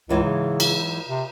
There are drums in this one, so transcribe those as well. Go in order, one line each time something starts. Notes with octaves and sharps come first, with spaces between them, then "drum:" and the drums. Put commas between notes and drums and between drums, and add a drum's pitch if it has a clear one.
C#2 G#2 E3 F#3
C#3
drum: cymbal
C3